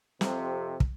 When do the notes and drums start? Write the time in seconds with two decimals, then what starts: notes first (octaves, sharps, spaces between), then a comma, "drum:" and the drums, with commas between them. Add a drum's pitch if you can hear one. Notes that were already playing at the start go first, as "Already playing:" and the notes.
0.21 F2 C3, drum: snare
0.80 drum: kick